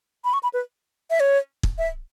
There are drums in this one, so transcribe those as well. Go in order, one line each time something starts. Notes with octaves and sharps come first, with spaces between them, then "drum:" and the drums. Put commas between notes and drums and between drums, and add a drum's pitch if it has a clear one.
B5
C#6
B5
B4
E5
C#5
drum: kick
E5